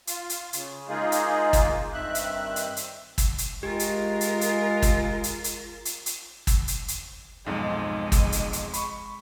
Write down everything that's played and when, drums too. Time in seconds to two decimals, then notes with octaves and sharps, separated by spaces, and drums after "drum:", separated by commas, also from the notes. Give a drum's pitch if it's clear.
0.07 F4, drum: hi-hat
0.29 drum: hi-hat
0.53 C#3, drum: hi-hat
0.88 G#3 A#3 D#4 F4 G#4
1.12 drum: hi-hat
1.53 drum: kick, hi-hat
1.93 G2 D#3 C4 E5 F#6
2.15 drum: hi-hat
2.56 drum: hi-hat
2.77 drum: hi-hat
3.18 drum: kick, hi-hat
3.38 drum: hi-hat
3.63 G#3 F4 G4 A#4
3.79 drum: hi-hat
4.21 drum: hi-hat
4.41 drum: hi-hat
4.82 drum: kick, hi-hat
5.24 drum: hi-hat
5.44 drum: hi-hat
5.85 drum: hi-hat
6.06 drum: hi-hat
6.47 drum: kick, hi-hat
6.68 drum: hi-hat
6.88 drum: hi-hat
7.46 B1 F2 G#2 G#3
8.12 drum: kick, hi-hat
8.32 drum: hi-hat
8.53 drum: hi-hat
8.74 B5 C#6, drum: hi-hat